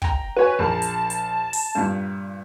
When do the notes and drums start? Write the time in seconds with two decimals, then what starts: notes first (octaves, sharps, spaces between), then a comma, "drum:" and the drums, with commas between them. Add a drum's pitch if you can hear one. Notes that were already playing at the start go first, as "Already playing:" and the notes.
0.02 G5 A#5, drum: kick
0.37 F#4 B4 C#5 G#5
0.59 A#1 A#4 A5
0.82 drum: hi-hat
1.10 drum: hi-hat
1.53 drum: open hi-hat
1.75 G2 A#2